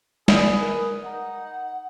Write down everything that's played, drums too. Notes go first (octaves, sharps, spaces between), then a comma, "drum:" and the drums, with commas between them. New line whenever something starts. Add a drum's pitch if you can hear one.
G#4 B4 D5 D#6, drum: snare
A#4
D#4 F#5